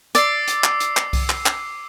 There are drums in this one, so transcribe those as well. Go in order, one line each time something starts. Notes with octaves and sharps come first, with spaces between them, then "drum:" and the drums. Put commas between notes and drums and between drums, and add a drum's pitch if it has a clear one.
D5 D6 E6 C7, drum: hi-hat
drum: hi-hat
drum: clap
drum: hi-hat
drum: clap
drum: kick C2, open hi-hat
drum: clap
drum: clap